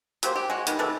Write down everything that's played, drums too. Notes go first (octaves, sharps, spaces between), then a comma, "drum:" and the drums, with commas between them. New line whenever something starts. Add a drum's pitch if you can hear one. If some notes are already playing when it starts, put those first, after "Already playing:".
F#3 A#3 G4 C5, drum: hi-hat
G4
G#3 F#4
D#3 G#3 B3 G4, drum: hi-hat
C3 A3 A4 B4